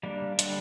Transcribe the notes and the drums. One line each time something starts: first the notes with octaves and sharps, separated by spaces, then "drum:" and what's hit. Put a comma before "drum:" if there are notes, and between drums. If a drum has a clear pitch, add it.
G3 A#3 D4
D3 G3 D4, drum: hi-hat